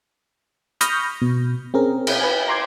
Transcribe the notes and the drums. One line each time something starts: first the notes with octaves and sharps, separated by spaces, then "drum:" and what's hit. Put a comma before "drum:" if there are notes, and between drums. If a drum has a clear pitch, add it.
B5 C#6 D#6 F6 G6 A#6, drum: hi-hat
B2
C4 C#4 G#4 A#4
drum: cymbal
B4 G#5
A#5 C6 D6 G#6